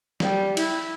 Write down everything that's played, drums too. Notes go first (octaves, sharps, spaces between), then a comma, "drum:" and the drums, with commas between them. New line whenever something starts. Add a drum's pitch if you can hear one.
G3, drum: snare
E4, drum: cymbal